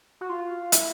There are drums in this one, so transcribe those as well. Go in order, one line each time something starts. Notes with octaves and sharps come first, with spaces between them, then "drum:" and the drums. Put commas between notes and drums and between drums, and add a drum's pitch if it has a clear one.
F#4
F4
E4, drum: hi-hat